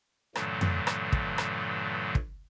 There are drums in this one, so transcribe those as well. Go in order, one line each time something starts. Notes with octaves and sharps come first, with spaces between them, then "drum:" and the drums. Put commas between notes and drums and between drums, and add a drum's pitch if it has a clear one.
G2 A#2 D3 E3 F#3 A3, drum: rim click
drum: tom F2
drum: rim click
drum: kick
drum: rim click
drum: kick